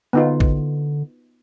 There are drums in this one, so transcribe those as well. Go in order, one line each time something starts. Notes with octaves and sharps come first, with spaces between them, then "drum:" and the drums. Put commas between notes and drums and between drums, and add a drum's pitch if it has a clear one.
D3 B3 D#4 F4
drum: kick